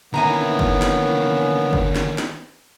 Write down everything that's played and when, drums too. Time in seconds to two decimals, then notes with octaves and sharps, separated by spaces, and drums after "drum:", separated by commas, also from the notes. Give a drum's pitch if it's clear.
0.14 D3 D#3 A#3 B3 C#4 E4 G#5 A#5
0.59 drum: kick F#1
0.82 drum: snare
1.73 drum: kick F#1
1.96 drum: snare
2.18 drum: snare